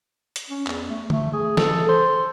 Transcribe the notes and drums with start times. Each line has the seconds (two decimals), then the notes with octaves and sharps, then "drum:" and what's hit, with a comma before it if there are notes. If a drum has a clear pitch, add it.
0.36 drum: hi-hat
0.50 C#4
0.67 E2, drum: clap
0.90 A3
1.10 A3, drum: tom
1.33 G#4
1.57 A4, drum: snare
1.89 C5